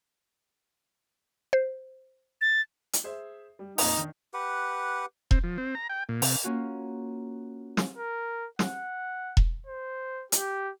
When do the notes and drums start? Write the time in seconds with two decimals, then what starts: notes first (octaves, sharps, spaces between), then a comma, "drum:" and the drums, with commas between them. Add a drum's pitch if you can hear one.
1.53 C5
2.41 A6
2.93 drum: hi-hat
3.04 G#4 C5 E5
3.59 G3
3.78 F2 A#2 D#4, drum: open hi-hat
3.97 D#3 D4
4.34 G4 B4 F#5
5.31 C4, drum: kick E1
5.44 F3
5.58 C4
5.75 A#5
5.89 G5
6.09 A#2
6.22 C3, drum: open hi-hat
6.44 A#3 C#4 F4 F#4
7.77 drum: snare
7.98 A#4
8.59 F#5, drum: snare
9.37 drum: kick E1
9.66 C5
10.32 G4, drum: hi-hat